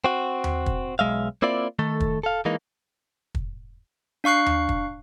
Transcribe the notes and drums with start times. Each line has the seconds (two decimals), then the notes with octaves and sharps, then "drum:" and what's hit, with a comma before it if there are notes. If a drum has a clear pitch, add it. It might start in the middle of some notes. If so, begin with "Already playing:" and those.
0.04 C4 F#4
0.44 drum: tom D#2
0.66 drum: kick
0.99 B1 G#3 E5 F5
1.42 A#3 C4 E4 F4 D5
1.79 D#3 A3 A4
2.00 drum: kick
2.23 A4 F5
2.45 E3 G#3 A#3 D#4
3.35 drum: kick
4.24 D4 F5 C#6 F#6 C7
4.46 drum: tom D#2
4.69 drum: kick